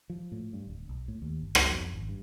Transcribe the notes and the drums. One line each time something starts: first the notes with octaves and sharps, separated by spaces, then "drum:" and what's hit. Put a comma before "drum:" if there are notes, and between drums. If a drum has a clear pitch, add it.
F3
A2
G2
D1
B1
A2
D#2
G1
drum: rim click
F2
G#1
G2